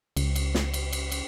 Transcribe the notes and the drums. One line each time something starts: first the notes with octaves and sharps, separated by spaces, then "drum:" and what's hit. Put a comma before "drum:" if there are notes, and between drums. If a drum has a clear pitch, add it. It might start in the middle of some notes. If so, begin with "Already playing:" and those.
C#2, drum: cymbal
drum: cymbal
drum: snare
drum: cymbal
drum: cymbal
drum: cymbal